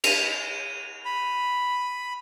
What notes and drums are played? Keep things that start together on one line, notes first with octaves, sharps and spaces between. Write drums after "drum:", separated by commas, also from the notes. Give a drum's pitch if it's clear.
D#7 F7, drum: cymbal
B5